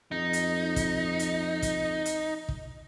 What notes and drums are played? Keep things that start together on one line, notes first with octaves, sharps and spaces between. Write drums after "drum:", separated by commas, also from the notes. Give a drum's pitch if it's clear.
F2 D#4
drum: hi-hat
drum: kick, hi-hat
drum: hi-hat
drum: kick, hi-hat
drum: hi-hat
drum: kick